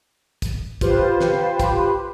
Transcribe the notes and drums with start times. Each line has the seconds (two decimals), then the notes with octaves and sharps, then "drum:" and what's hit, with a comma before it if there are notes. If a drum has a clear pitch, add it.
0.42 drum: kick, hi-hat
0.81 F4 G4 B4 C5, drum: kick, hi-hat
1.20 drum: snare
1.60 drum: kick, hi-hat